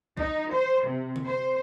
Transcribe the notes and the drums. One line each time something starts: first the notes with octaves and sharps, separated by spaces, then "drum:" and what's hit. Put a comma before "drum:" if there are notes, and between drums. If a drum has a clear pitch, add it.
D#4, drum: kick B1
C5
C3
drum: tom D3
C5